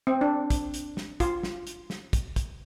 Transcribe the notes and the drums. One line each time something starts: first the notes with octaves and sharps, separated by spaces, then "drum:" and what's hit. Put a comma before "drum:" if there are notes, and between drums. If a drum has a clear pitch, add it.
C4
D4
drum: kick, hi-hat
drum: hi-hat
drum: snare
F4, drum: kick, hi-hat
drum: snare
drum: hi-hat
drum: snare
drum: kick, hi-hat
drum: kick, hi-hat